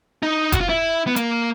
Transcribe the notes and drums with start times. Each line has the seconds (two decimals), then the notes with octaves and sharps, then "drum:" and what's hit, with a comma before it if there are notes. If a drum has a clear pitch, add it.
0.23 D#4
0.52 F#4, drum: kick F1, hi-hat
0.61 F4
0.69 E4
1.07 B3
1.16 A#3, drum: hi-hat